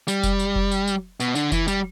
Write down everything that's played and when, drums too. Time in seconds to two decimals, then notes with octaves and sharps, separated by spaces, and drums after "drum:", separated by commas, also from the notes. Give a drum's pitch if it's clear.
0.08 G3, drum: tambourine
0.23 drum: kick F1, tambourine
0.39 drum: tambourine
0.55 drum: kick F1
0.71 drum: tambourine
0.87 drum: tambourine
1.20 B2, drum: tambourine
1.35 D3, drum: tambourine
1.52 E3, drum: kick F1, tambourine
1.68 G3, drum: tambourine